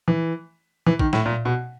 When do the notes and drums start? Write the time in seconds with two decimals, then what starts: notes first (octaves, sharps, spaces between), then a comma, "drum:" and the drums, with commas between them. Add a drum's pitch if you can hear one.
0.08 E3
0.86 E3
0.99 D#3, drum: kick
1.13 A2, drum: snare
1.26 A#2
1.45 B2